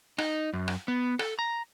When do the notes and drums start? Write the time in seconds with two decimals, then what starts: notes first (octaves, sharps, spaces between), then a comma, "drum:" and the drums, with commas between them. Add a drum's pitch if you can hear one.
0.18 D#4, drum: rim click
0.53 F#2
0.68 drum: rim click
0.88 B3
1.19 A4, drum: rim click
1.39 A#5